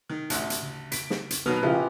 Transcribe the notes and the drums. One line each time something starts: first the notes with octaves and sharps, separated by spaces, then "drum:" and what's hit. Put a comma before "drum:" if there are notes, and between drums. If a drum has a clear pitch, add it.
D#3
A1 D2, drum: hi-hat
drum: hi-hat
C#3
B6 D7, drum: hi-hat
drum: snare
drum: hi-hat
B2 D#3 F#3 B4 F6
A#1 C#3 F3 E4 F4 G4 G#4